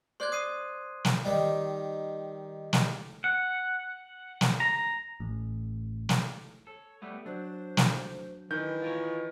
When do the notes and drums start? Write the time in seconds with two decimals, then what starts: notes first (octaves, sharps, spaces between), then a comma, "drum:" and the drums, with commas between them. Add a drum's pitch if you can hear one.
0.20 C5 D5 C6 F#6 G#6
0.32 D#6 C7 D#7
1.05 drum: snare
1.25 D#3 G3
2.73 drum: snare
3.24 F#5
4.41 drum: snare
4.60 A#5
5.20 A1
6.09 drum: snare
6.67 A4 C#5
7.02 G3 A3 B3
7.25 F#3 D4 C5
7.77 drum: snare
8.51 D#3 E3 D#5 G6
8.82 F4 A#4 C#5